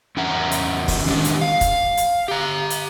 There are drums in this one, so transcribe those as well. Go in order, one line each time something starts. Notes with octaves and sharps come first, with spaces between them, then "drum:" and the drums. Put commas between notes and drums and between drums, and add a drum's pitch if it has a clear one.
E2 C#4 E5 F#5 A#5
drum: hi-hat
drum: kick, open hi-hat
D#3 G#3 D4 G4
drum: hi-hat
F5
drum: kick, hi-hat
drum: hi-hat
G4 A#5
drum: hi-hat